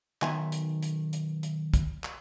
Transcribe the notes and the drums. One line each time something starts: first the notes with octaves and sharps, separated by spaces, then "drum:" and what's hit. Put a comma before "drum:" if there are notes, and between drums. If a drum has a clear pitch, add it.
B1 D#3 E5 G#5 C6, drum: clap
drum: hi-hat
drum: hi-hat
drum: hi-hat
drum: hi-hat
drum: kick, hi-hat
drum: clap